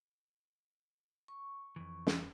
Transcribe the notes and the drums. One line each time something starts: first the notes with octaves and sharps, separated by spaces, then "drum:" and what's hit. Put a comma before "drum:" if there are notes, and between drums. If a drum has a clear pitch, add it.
C#6
F2 G#2 E3
drum: snare